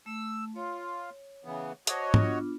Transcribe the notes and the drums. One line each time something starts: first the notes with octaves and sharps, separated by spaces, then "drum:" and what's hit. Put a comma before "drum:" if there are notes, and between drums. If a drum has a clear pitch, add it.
A3 E6
F4 C#5
C#3 E3 B3
F#4 C5 C#5 D#5 A5 D6, drum: hi-hat
B3 D4 F4, drum: tom